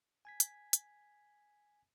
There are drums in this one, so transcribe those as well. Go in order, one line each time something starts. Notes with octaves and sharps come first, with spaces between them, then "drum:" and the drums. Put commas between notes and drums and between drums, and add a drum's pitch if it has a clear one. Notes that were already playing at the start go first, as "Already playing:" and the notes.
G#5 G#6 B6
drum: hi-hat
drum: hi-hat